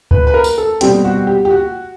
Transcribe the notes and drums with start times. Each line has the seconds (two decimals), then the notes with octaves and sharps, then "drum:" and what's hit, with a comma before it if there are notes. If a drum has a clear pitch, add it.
0.11 B4, drum: kick C#2
0.27 B4
0.34 A#4
0.44 drum: tambourine
0.58 A4
0.81 B2 G3 C4 G4, drum: hi-hat
1.05 F#4
1.27 G4
1.45 G4
1.50 F#4